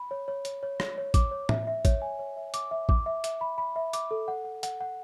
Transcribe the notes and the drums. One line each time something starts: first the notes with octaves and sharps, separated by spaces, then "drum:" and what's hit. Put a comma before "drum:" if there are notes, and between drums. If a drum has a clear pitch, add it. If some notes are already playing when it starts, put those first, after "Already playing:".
Already playing: B5
C#5
C#5
C#5, drum: hi-hat
C#5
C#5, drum: rim click
C#5
D6, drum: kick A1, hi-hat
C#5
E5, drum: tom A2
E5
C#5, drum: kick A1, hi-hat
G#5
C#5
E5
D6, drum: hi-hat
E5
D6, drum: kick A1
E5
E5, drum: hi-hat
B5
B5
E5
D6, drum: hi-hat
A4
F#5
F#5
F#5, drum: hi-hat
F#5